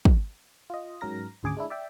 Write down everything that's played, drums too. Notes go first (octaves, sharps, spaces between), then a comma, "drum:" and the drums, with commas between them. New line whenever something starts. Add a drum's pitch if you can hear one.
drum: kick
F4 D#5
G#2 F#3 C#4 A#4 A#6
G#1 D2 C#3 G#4 G#5 D6
G#3 D4 E4
D5 E5 G5